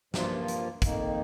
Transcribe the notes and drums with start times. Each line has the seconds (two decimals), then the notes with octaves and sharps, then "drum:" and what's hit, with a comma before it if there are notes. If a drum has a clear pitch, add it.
0.14 G2 F3 A#3 F4, drum: snare
0.48 drum: hi-hat
0.82 F2 D#3 A#3 D#4, drum: kick, hi-hat